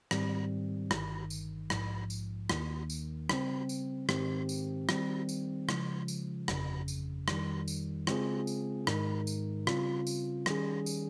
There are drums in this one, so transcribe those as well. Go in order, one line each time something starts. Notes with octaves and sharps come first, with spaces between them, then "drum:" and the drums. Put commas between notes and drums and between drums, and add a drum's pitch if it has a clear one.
G#2 D#3 G3 C4, drum: rim click
G1 G2 D#3, drum: rim click
drum: tambourine
A#1 G#2 F3, drum: rim click
drum: tambourine
D#2 D#3 A#3, drum: rim click
drum: tambourine
C#3 G3 C4, drum: rim click
drum: tambourine
G#2 D#3 G#3 C4 G4, drum: rim click
drum: tambourine
D#3 G3 C4, drum: rim click
drum: tambourine
C#3 F3 G#3, drum: rim click
drum: tambourine
G1 F2 C#3, drum: rim click
drum: tambourine
F2 D#3 G3, drum: rim click
drum: tambourine
C#3 G#3 C4 F4 G#4, drum: rim click
drum: tambourine
G#2 D#3 G#3 D#4 A#4, drum: rim click
drum: tambourine
C#3 G3 C4 F4, drum: rim click
drum: tambourine
D#3 G3 C#4 G#4, drum: rim click
drum: tambourine